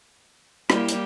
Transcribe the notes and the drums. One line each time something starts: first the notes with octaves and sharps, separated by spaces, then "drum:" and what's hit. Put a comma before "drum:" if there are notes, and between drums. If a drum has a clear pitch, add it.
G3 A#3 E4 G4, drum: rim click
drum: hi-hat